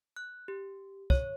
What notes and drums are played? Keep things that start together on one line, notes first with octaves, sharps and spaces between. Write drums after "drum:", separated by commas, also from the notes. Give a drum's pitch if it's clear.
F#6
G4
C#5, drum: kick